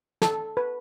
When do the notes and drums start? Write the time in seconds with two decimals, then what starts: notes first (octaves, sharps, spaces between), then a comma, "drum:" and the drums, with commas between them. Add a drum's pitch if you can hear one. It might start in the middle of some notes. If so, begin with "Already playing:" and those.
0.22 A4, drum: snare
0.57 B4